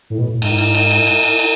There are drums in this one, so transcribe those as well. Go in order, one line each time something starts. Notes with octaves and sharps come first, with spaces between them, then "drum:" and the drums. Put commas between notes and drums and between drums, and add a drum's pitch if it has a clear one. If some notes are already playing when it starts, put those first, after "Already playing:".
A2
B2
A2
G#2, drum: cymbal
drum: cymbal
drum: cymbal
drum: cymbal
drum: cymbal
drum: cymbal
drum: cymbal